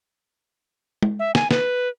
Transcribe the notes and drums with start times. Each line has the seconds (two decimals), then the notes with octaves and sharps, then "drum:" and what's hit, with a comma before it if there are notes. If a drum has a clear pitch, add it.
1.03 drum: tom G#3
1.19 E5
1.35 G#5, drum: snare
1.51 B4, drum: snare